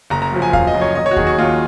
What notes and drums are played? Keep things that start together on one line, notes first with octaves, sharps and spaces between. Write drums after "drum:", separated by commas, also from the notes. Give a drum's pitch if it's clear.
F#1 A#5
A#5
F#2 F3
G#5
F#1 F5, drum: kick D#2
D#5
F#2 F3
C#5
D#2 D#5
C#5
F#4
D#3 F#3 G#4, drum: kick D#2
F#4
D#2 F4